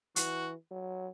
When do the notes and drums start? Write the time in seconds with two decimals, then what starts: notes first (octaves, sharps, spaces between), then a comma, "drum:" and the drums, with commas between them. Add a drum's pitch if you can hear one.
0.16 E3 F#4, drum: hi-hat
0.71 F#3